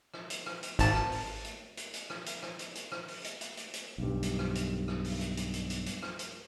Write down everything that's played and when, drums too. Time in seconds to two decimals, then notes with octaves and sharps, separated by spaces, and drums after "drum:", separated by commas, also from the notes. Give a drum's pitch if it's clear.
0.14 drum: rim click
0.30 drum: hi-hat
0.46 drum: rim click
0.63 drum: hi-hat
0.79 G#1 A5, drum: hi-hat
0.95 drum: rim click
1.12 drum: open hi-hat
1.44 drum: hi-hat
1.77 drum: hi-hat
1.94 drum: hi-hat
2.10 drum: rim click
2.26 drum: hi-hat
2.43 drum: rim click
2.59 drum: hi-hat
2.75 drum: hi-hat
2.92 drum: rim click
3.08 drum: open hi-hat
3.24 drum: hi-hat
3.41 drum: hi-hat
3.57 drum: hi-hat
3.74 drum: hi-hat
3.98 B1 G2
4.23 drum: hi-hat
4.39 drum: rim click
4.55 drum: hi-hat
4.88 drum: rim click
5.04 drum: open hi-hat
5.21 drum: hi-hat
5.37 drum: hi-hat
5.53 drum: hi-hat
5.70 drum: hi-hat
5.86 drum: hi-hat
6.03 drum: rim click
6.19 drum: hi-hat